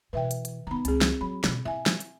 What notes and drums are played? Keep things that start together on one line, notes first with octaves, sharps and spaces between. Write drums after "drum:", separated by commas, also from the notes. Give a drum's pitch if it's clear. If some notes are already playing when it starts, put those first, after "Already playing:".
B2 E3 B4 E5 G5
drum: hi-hat
drum: hi-hat
D#3 B3 A#5 B5
C#2 C4 G#4, drum: hi-hat
drum: snare
F#3 B5
B2 D3, drum: snare
E4 E5 G#5
drum: snare
drum: hi-hat